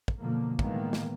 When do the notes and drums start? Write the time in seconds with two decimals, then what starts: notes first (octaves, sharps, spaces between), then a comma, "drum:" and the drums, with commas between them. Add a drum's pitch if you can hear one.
0.08 drum: kick
0.20 F#2 B2 D3 F3 A#3
0.59 A2 D#3 E3 G#3 A#3 B3, drum: kick
0.93 drum: snare